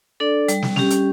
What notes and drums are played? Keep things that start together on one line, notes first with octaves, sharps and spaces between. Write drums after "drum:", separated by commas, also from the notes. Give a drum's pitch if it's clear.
D4 A4 D5
G3, drum: hi-hat
drum: snare
C#4 G4, drum: snare
drum: hi-hat